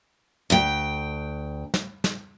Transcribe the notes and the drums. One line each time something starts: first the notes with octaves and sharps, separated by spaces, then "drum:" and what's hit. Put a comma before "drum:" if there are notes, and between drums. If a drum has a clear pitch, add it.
D2 G5
drum: snare
drum: snare